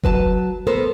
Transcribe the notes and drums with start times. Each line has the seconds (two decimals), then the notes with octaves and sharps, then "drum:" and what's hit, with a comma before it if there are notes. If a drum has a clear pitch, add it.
0.04 F#3 B4 A5, drum: kick F#1
0.67 B3 A4 A#4 C5